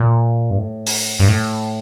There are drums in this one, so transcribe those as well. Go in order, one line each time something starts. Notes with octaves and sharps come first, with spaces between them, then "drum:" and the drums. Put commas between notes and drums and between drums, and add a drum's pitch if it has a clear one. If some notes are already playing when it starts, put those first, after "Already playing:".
Already playing: A#2
G2
A2
drum: open hi-hat
G2
A2